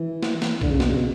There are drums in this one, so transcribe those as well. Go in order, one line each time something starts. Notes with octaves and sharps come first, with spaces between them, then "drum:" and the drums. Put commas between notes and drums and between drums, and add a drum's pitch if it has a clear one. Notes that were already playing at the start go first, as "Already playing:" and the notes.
Already playing: E3
drum: snare
drum: snare
D3, drum: kick B1
C#3
B2, drum: snare
C#3
B2